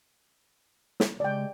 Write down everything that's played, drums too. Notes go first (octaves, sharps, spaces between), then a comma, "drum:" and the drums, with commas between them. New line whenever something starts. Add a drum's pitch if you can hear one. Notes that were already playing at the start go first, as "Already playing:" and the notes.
drum: snare
C#3 G#3 D5 G5